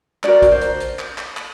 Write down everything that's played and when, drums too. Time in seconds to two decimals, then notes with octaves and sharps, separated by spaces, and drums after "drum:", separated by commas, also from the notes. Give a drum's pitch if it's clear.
0.23 D4 F#4 A#4 D5, drum: clap
0.42 drum: kick, hi-hat
0.52 C5
0.61 drum: hi-hat
0.80 drum: hi-hat
0.99 drum: clap
1.18 drum: clap
1.37 drum: clap